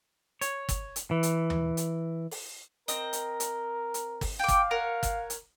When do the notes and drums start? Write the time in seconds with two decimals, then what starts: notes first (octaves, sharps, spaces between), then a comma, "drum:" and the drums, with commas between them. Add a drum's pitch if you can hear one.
0.41 C#5, drum: hi-hat
0.69 drum: kick G1, hi-hat
0.96 drum: hi-hat
1.11 E3
1.23 drum: hi-hat
1.50 drum: tom D#2
1.77 drum: hi-hat
2.31 drum: open hi-hat
2.88 C4 A#4 D#5, drum: hi-hat
3.13 drum: hi-hat
3.40 drum: hi-hat
3.94 drum: hi-hat
4.21 drum: kick G1, open hi-hat
4.39 F5 G5 D6
4.48 drum: kick G1, hi-hat
4.71 A#4 C#5 F#5
5.03 drum: kick G1, hi-hat
5.30 drum: hi-hat